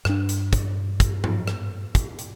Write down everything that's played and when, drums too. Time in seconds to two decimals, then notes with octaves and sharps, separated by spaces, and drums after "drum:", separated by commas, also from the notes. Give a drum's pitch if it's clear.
0.05 G2 D4, drum: rim click
0.29 drum: hi-hat
0.53 drum: kick, hi-hat
1.00 drum: kick, hi-hat
1.24 drum: tom G#2
1.48 drum: rim click
1.95 drum: kick, hi-hat
2.19 drum: hi-hat